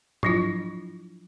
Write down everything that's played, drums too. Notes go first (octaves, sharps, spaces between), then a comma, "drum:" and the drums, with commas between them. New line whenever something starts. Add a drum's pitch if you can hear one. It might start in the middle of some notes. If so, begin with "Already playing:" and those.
F3 F#3 D4 E4 F4, drum: tom G#2